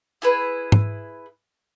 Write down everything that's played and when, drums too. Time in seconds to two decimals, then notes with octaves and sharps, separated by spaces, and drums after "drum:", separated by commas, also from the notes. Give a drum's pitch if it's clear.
0.22 E4 G#4 B4
0.72 drum: tom G#2